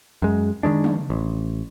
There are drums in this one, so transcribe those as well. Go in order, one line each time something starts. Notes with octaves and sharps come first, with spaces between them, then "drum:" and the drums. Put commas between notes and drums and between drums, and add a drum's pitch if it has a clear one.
F#2 G#3
D#3 F3 G#3 D4
drum: tom
A1